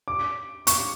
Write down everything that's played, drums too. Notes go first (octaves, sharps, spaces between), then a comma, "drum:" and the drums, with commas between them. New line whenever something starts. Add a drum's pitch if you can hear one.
D6
C#6, drum: hi-hat